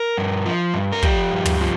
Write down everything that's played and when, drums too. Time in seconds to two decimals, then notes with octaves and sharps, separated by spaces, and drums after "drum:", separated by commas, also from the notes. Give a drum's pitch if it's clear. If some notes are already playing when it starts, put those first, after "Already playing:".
Already playing: A#4
0.17 G2
0.46 F3
0.74 G2
0.92 A#4
1.02 F3 G4, drum: kick
1.31 G2
1.45 drum: tom
1.60 F3